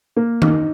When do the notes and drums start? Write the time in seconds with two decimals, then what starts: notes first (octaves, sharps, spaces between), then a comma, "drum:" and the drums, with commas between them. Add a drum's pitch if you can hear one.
0.16 A#3
0.42 D#4, drum: tom D#3